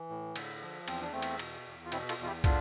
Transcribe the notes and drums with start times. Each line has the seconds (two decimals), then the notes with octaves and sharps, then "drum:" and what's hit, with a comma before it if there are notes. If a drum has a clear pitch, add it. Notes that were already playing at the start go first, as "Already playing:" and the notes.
Already playing: E3
0.10 A2
0.36 D3, drum: cymbal
0.62 F3
0.88 E2 C4, drum: cymbal
1.00 D4
1.12 E2 A3 C4
1.22 drum: cymbal
1.39 B2, drum: cymbal
1.66 E2
1.85 F4
1.92 B2 C4 E4, drum: cymbal
2.09 F4 A4, drum: cymbal
2.18 E2
2.23 F4
2.26 E4 G4
2.44 D3 D4 F4, drum: kick, cymbal